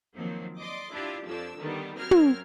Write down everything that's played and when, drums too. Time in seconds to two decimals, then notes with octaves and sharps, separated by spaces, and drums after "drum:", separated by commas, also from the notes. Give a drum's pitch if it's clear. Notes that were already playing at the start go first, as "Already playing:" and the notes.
0.15 D#3 F3 F#3 A#3 C4
0.58 D5 D#5 C6 D6
0.92 D4 E4 F4 G4
1.26 F2 F3 D4 E6
1.58 D3 D#3 G3 B3
1.96 F#2 C4 A#4 F6 G#6
2.11 drum: tom